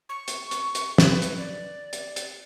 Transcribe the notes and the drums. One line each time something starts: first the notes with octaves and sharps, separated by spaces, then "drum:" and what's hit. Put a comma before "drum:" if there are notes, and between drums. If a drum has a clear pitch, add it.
C#6
drum: hi-hat
drum: hi-hat
drum: hi-hat
B4, drum: snare
drum: hi-hat
D5
drum: hi-hat
drum: hi-hat